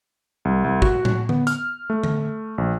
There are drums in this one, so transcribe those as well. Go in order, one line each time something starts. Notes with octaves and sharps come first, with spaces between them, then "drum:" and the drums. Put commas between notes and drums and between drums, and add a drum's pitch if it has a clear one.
C2
C2
F#4, drum: kick
drum: tom A2
B3, drum: tom D3
F6, drum: hi-hat
A3
drum: tom D3
A#1